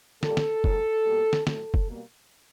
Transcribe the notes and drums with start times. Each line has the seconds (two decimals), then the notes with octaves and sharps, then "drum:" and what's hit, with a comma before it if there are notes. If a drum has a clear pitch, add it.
0.23 A#2 G3 A#3 A4, drum: snare
0.37 drum: snare
0.64 D#2 D#3 G#3, drum: kick F#1
1.05 B2 G3 A#3
1.33 drum: snare
1.47 A2 F#3 A3 A4, drum: snare
1.74 drum: kick F#1
1.88 B2 G3 A#3